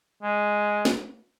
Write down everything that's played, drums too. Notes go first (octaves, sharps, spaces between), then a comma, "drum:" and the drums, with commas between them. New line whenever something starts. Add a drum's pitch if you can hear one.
G#3
drum: snare